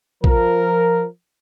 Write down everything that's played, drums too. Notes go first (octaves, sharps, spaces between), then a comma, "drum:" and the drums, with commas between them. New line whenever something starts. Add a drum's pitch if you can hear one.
F3 A#4, drum: kick